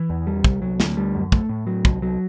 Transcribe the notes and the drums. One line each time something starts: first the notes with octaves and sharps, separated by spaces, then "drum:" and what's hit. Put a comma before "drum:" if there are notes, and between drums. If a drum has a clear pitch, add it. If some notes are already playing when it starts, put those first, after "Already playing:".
Already playing: E3
E2
G3
C2, drum: kick
F#3
D2, drum: snare
G3
F#2
A3, drum: kick
A2
F#3
C2, drum: kick
F#3